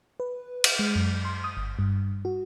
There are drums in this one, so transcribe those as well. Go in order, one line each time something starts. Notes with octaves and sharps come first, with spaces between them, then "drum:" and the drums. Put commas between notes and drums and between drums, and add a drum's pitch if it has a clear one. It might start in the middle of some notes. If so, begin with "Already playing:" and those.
B4
drum: cymbal
G#3
F#2
C6
D#6
G1
G2
F#4